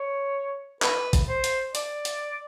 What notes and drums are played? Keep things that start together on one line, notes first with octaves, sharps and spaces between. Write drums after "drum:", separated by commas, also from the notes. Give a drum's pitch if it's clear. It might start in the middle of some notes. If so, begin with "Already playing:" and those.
Already playing: C#5
B4, drum: clap
drum: kick, hi-hat
C5
drum: hi-hat
D5, drum: hi-hat
drum: hi-hat